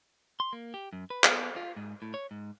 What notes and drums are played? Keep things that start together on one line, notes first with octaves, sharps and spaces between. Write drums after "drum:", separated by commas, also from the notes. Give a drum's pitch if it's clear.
C6
A#3
G4
F#2
B4
B3, drum: clap
F4
G#2
A2
C#5
G#2